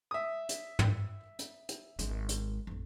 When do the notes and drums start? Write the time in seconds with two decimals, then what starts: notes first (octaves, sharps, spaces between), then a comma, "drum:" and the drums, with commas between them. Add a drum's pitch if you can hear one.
0.11 E5 D#6
0.49 drum: hi-hat
0.79 drum: tom
1.39 drum: hi-hat
1.69 drum: hi-hat
1.99 G#1 G#3, drum: hi-hat
2.29 drum: hi-hat
2.67 A1 F2